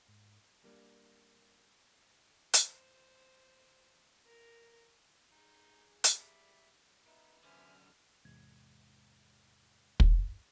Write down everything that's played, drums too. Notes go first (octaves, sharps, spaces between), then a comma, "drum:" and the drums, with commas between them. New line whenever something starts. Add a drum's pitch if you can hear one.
G#2
G3 A#3 D4
C5, drum: hi-hat
A#4
D#4 G#4
G3 E5, drum: hi-hat
B3 D#4 E5
F#2 D3 C5 E5 G#5 F6
E2 G#2 C3 G#3 G#6
drum: kick